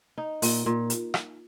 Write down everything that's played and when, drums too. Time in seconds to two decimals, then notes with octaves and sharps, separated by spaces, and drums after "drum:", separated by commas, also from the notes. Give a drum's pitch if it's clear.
0.18 D#4
0.42 A#2, drum: open hi-hat
0.66 A#2
0.90 drum: hi-hat
1.14 drum: rim click